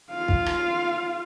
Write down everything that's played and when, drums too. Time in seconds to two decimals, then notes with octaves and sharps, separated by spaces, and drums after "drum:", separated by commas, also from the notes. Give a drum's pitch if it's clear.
0.10 F4 F5
0.28 drum: kick
0.46 drum: rim click